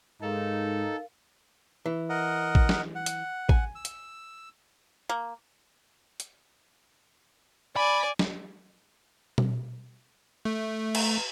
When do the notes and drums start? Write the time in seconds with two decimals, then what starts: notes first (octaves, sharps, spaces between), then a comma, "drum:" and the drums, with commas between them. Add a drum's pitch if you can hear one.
0.22 G#2 D#4 A4 A#4 F5
1.86 E3
2.10 A#4 D#5 F#5
2.55 drum: kick
2.69 drum: snare
2.95 F#5
3.06 drum: hi-hat
3.49 G#5, drum: kick
3.75 E6
3.85 drum: hi-hat
5.09 A#3
6.20 drum: hi-hat
7.76 D5 G#5 B5
8.19 drum: snare
9.38 drum: tom B2
10.45 A3
10.95 drum: cymbal